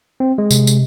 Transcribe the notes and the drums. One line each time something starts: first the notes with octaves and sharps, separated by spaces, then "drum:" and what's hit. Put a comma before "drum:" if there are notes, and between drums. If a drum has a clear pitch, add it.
C4
G#3
C3, drum: tambourine
drum: tambourine